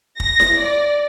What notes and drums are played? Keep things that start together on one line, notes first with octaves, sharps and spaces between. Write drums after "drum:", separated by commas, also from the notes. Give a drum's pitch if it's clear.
A#6, drum: kick
drum: snare E4
D5